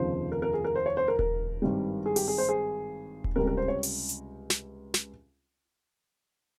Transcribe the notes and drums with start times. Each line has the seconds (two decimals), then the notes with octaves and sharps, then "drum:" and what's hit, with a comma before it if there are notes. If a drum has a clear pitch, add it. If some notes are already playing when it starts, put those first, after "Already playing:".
Already playing: F1 D#2 C#3 F3 C5
0.32 A#4
0.42 A#4
0.54 G#4
0.64 A#4
0.76 C5
0.86 C#5
0.97 C5
1.08 A#4
1.19 A#4, drum: kick D#1
1.62 G#1 G2 G3
2.06 G#4
2.16 G4, drum: open hi-hat
2.28 G#4
2.38 C5
2.49 G#4
3.24 drum: kick D#1
3.36 C#2 C3 G3 A#4
3.47 A#4
3.57 C5
3.68 C#5
3.83 drum: open hi-hat
4.09 drum: hi-hat
4.50 drum: snare
4.94 drum: snare